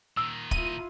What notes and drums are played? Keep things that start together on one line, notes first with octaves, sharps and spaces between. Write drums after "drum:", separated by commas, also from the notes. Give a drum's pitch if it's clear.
A#2 D#3 E6
E4 F4 D#7, drum: kick